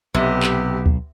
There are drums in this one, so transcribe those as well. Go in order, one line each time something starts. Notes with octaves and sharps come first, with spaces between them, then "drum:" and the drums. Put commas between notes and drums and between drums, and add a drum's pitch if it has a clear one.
B1 C3 B3 G4
drum: clap
drum: kick D2